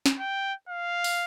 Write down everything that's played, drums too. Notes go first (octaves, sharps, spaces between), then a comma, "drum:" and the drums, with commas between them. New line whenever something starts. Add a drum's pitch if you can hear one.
drum: snare
G5
F5
drum: open hi-hat